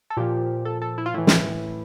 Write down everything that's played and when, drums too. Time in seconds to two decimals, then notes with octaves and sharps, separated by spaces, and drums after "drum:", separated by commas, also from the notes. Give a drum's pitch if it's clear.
0.10 A4
0.17 A#2 F3 G4
0.65 A4
0.82 A4
0.98 E4
1.06 F4
1.14 A2 E3 E4
1.27 drum: snare